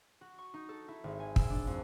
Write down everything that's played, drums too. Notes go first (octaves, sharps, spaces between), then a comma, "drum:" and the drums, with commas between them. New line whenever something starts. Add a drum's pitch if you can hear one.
F#4
C#6
D#4
A4
E4
G#1
G#5
E6, drum: kick
D4
F2